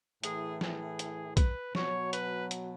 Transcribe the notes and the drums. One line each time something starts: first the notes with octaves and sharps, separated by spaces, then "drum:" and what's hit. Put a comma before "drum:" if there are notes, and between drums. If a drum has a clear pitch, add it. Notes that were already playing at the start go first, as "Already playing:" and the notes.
A2 E3 G#4, drum: hi-hat
G#4, drum: snare
drum: hi-hat
B4, drum: kick B1, hi-hat
B2 F#3 C#5, drum: snare
B4, drum: hi-hat
drum: hi-hat